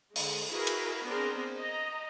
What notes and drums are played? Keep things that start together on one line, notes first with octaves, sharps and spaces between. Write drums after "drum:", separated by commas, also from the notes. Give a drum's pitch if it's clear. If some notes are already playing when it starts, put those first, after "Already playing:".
D3 G#3, drum: open hi-hat
E4 F#4 G#4 A#4 B4
drum: cymbal
B3 C4 D4 G#4 A#4 C5
D#5 A#5